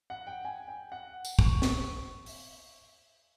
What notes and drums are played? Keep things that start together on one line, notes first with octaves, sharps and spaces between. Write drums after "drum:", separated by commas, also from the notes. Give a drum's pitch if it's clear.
F#5
G5
G#5
G5
F#5
drum: tambourine
C#6, drum: kick
C#6, drum: snare
drum: open hi-hat